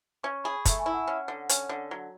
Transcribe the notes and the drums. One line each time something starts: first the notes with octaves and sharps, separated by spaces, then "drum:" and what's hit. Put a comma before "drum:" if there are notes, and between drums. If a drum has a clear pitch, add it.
C#4 C#6
G#4 B5
A3 A5, drum: kick, hi-hat
G#5
E4
F#5
C#4 F#5
D3
C#4, drum: hi-hat
D3
F#3